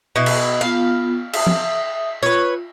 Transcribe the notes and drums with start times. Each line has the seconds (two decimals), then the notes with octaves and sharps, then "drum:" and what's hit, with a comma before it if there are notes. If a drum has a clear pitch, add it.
0.16 B2 E4
0.26 drum: cymbal
0.61 B3 F4 F5
1.33 E5 D#6, drum: cymbal
1.47 drum: tom F3
2.23 F4 B4 C#5